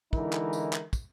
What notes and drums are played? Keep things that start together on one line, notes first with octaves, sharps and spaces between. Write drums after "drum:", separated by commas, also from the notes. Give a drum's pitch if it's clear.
D3 E3 G#3 D#4 E4 A#4, drum: kick
drum: clap
drum: tambourine
drum: clap
drum: kick, tambourine